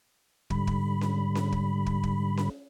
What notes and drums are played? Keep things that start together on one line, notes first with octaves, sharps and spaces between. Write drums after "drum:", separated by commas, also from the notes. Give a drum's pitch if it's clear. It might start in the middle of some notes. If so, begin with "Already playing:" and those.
G#2 D3 G3 B5, drum: kick
drum: kick
drum: snare C#4
drum: snare C#4
drum: kick
drum: kick
drum: kick
drum: snare C#4